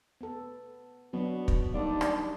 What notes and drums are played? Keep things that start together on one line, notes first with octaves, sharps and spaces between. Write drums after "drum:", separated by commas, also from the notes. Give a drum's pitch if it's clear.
B3 A4
B2 F#3 B3 D4
drum: kick
D#2 G3 D4 D#4 D5
drum: rim click